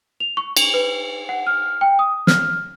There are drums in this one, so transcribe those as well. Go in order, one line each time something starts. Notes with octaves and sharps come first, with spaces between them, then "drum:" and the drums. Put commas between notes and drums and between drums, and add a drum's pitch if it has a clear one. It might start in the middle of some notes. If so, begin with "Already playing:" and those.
F7
C#6
F7, drum: cymbal
B4
F#5
F6
G5
D#6
F6, drum: snare